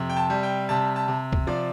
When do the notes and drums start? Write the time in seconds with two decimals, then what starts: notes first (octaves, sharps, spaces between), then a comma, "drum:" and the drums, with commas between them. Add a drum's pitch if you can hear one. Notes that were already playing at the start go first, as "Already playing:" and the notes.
Already playing: F2 C3
0.09 G5
0.17 A5
0.30 G3
0.43 G5
0.69 C3 A5
0.96 A5
1.08 C3
1.33 drum: kick
1.47 F3 D5